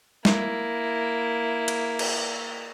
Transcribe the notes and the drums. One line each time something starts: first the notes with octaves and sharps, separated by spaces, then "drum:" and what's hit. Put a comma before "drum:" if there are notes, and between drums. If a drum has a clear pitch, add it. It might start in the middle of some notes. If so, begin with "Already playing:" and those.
A#3 E4, drum: snare
drum: cymbal
drum: cymbal